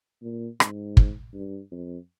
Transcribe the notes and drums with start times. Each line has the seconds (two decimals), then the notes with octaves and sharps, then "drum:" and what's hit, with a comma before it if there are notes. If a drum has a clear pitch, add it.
0.22 A#2
0.60 G#2, drum: rim click
0.97 drum: kick
1.34 G2
1.71 F2